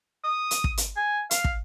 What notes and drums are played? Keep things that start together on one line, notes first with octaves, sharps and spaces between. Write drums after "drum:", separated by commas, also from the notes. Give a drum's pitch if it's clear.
D#6
drum: hi-hat
drum: kick
drum: hi-hat
G#5
F5, drum: hi-hat
drum: kick